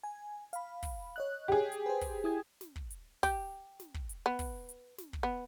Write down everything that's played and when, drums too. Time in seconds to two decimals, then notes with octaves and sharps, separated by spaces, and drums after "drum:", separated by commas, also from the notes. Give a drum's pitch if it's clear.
0.03 G#5
0.53 F5 B5, drum: hi-hat
0.83 drum: kick, open hi-hat
1.16 C#5 D#5 F#6
1.48 G4 G#4
1.72 drum: hi-hat
1.86 B4 C5
2.01 drum: kick, open hi-hat
2.24 E4 D#6 G#6
2.61 drum: snare
2.76 drum: kick
2.90 drum: hi-hat
3.23 G4, drum: kick, open hi-hat
3.80 drum: snare
3.94 drum: kick
4.09 drum: hi-hat
4.26 B3
4.39 drum: kick, open hi-hat
4.69 drum: hi-hat
4.98 drum: snare
5.13 drum: kick
5.23 B3